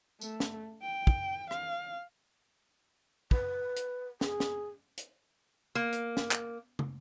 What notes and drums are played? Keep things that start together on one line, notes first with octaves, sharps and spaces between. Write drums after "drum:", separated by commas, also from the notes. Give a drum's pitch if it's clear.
A3, drum: tambourine
drum: snare
G5
drum: kick
F5, drum: rim click
B4, drum: kick
drum: hi-hat
G#4, drum: snare
drum: snare
drum: hi-hat
A#3
drum: hi-hat
drum: snare
drum: clap
drum: tom